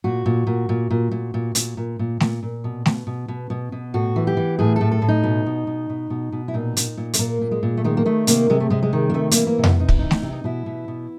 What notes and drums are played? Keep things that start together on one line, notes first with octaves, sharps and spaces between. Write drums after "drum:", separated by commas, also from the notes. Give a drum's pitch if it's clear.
A#2 F#4
A#2
A#2
A#2
A#2
A#2
A#2
A#2, drum: hi-hat
A#2
A#2
A#2, drum: snare A3
A#2
B2
B2, drum: snare A3
B2
B2
B2
B2
A2 F#4
E3
G4
E3
A2 G#4
A2 A4
A4
A2
D#4
B2
B2
B2
B2
B2
B2
E4
A#2 D#4
A#2, drum: hi-hat
A#2
A3, drum: hi-hat
A#2 A#3
A#2
G#3
A#2
A3
D#3 G#3
A#3
D#3 A3
C3 A#3, drum: hi-hat
C3 G#3
A3
C3 G#3
G#3
D#3
A#3
C3 A3
A#3, drum: hi-hat
E3
A#3
C3
B3, drum: tom F2
C3 D#4
E4, drum: kick
E3 D#4
drum: snare A3
C3
D#4
B2 E4
B2
B2